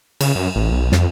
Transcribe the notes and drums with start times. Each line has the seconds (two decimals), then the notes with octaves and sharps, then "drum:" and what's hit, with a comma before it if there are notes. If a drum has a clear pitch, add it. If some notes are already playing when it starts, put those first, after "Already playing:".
0.21 C#3, drum: cymbal
0.36 F#2
0.56 A1
0.71 B1
0.92 F2, drum: snare